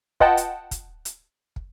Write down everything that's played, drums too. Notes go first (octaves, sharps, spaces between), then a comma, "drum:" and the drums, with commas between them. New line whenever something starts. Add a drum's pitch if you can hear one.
F4 B4 D#5 F#5 G5 A5, drum: kick
drum: hi-hat
drum: kick, hi-hat
drum: hi-hat
drum: kick